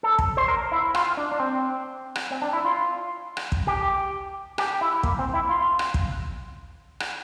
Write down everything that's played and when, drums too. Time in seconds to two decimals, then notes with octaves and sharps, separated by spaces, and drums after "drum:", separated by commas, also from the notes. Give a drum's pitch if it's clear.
0.03 A4
0.19 drum: kick
0.37 C5
0.48 A#4
0.72 E4
0.95 F4, drum: rim click
1.17 D4
1.32 D4
1.40 C4
2.15 drum: rim click
2.31 C4
2.42 D4
2.53 E4
2.65 F4
3.37 drum: rim click
3.52 drum: kick
3.67 G4
4.58 G4, drum: rim click
4.81 E4
5.03 A#3, drum: kick
5.19 C4
5.34 E4
5.49 F4
5.79 drum: rim click
5.94 drum: kick
7.00 drum: rim click